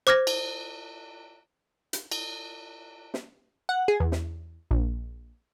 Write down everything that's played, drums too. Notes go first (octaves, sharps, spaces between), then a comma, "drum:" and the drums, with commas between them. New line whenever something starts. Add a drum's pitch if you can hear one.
C5 D6 F6 G#6 A#6
drum: cymbal
drum: hi-hat
drum: cymbal
drum: snare
F#5
G#4
E2
drum: snare
A#1